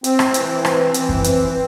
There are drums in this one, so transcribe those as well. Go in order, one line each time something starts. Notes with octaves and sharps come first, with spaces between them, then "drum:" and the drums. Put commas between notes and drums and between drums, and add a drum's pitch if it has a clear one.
C4, drum: hi-hat
drum: rim click
E3, drum: hi-hat
C4, drum: rim click
E3, drum: hi-hat
drum: kick F#2
C4, drum: hi-hat